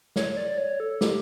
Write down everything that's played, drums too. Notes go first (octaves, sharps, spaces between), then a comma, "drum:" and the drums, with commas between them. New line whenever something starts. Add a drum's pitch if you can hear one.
C#5, drum: snare
D5
C#5
A4
G4, drum: snare